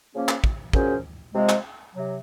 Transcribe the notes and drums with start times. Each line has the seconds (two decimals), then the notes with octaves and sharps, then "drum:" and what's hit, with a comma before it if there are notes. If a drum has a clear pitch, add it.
0.14 C#3 F3 A#3 C#4
0.29 drum: clap
0.44 drum: kick
0.73 A#2 F#3 C#4 G#4 C5, drum: kick
1.34 C3 F3 G#3
1.49 drum: clap
1.94 C3 F#3